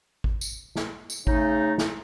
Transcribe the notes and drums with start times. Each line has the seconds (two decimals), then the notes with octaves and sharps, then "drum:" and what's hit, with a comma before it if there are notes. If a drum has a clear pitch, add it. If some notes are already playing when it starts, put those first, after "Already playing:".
0.24 drum: kick G#1
0.41 drum: tambourine
0.76 drum: snare
1.10 drum: tambourine
1.27 C#3 A3 D#4, drum: kick G#1
1.78 drum: snare